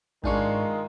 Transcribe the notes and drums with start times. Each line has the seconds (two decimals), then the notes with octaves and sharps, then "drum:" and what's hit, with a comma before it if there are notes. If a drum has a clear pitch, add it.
0.24 G#2 D#3 G#3 D4 F4 G#4 C#6, drum: kick